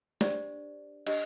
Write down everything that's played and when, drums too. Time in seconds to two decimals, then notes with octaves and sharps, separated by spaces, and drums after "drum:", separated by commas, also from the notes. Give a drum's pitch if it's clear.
0.21 D4 G4 C5 D5, drum: snare
1.07 D4 G4 C5 D#5, drum: cymbal